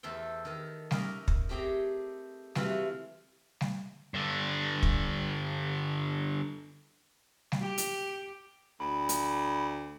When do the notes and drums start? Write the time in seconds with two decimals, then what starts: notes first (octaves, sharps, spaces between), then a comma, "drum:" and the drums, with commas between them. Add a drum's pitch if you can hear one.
0.03 E2 A3 A4 C5 G5
0.45 D#3 A4
0.91 C#4 D#4 A#4 D5 E5, drum: snare G3
1.28 drum: kick
1.49 A3 C4 G4 G#4 G5 A#5
2.55 C3 E3 G#3 A3 F4 F#4, drum: snare G3
3.61 drum: snare G3
4.14 G2 D3
4.83 drum: kick
7.52 drum: snare G3
7.62 G4
7.78 drum: hi-hat
8.80 D2 B5
9.09 drum: hi-hat